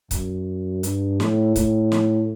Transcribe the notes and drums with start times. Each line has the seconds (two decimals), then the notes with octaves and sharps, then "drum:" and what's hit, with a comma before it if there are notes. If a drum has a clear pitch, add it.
0.11 F#2, drum: kick C#1, hi-hat
0.83 G2, drum: hi-hat
1.20 A2, drum: snare
1.56 A2, drum: kick C#1, hi-hat
1.92 drum: snare